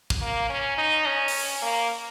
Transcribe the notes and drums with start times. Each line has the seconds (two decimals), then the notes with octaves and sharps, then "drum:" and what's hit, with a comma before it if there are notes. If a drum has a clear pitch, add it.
0.10 drum: kick
0.22 A#3
0.49 C#4
0.78 D#4
1.06 C#4
1.28 drum: open hi-hat
1.62 A#3